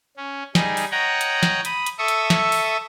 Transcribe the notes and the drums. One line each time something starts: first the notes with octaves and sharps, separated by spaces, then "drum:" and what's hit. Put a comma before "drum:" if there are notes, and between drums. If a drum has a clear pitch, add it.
C#4
G3 D#4 G#4, drum: snare
drum: open hi-hat
C#5 D#5 F#5 G5 A#5
drum: hi-hat
drum: snare
B5 D#6, drum: hi-hat
drum: hi-hat
A4 E5 C#6 D#6
drum: hi-hat
drum: snare
drum: open hi-hat